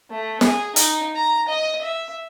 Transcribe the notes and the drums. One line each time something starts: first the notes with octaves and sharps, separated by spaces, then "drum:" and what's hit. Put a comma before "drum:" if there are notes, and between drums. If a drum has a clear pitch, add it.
A3
G#4, drum: snare
D#4, drum: hi-hat
A#5
D#5
E5